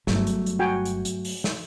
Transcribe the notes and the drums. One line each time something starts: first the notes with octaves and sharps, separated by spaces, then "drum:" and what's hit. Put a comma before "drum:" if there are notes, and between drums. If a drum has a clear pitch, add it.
G1 F#3 A3, drum: snare
drum: hi-hat
drum: hi-hat
F#4 G5 G#5
drum: hi-hat
drum: hi-hat
drum: open hi-hat
drum: snare